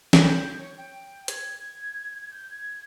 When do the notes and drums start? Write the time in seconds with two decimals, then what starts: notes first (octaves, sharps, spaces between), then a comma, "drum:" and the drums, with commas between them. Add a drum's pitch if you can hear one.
0.13 G6, drum: snare
0.58 C#5
0.77 G5
1.28 G#6, drum: hi-hat
2.31 G6
2.50 G#6